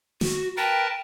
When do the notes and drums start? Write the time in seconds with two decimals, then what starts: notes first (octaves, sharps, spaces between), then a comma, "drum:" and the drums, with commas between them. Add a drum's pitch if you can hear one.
0.21 F#4, drum: snare
0.57 A#4 B4 G5 A5